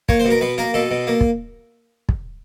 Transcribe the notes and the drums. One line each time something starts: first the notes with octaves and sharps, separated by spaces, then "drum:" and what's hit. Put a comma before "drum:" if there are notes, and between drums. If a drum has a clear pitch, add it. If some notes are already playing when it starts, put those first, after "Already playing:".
A#3 C#5, drum: kick
C5
B2
A#4
B2 B4
A#3 A#4
B2 A4
B2
A#3
drum: kick
drum: kick